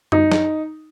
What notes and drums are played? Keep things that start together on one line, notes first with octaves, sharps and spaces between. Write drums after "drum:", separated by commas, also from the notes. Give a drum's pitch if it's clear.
D#4, drum: tom
drum: snare